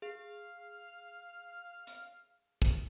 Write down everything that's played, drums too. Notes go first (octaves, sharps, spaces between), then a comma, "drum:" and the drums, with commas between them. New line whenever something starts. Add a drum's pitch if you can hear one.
G#4 F5
drum: hi-hat
drum: kick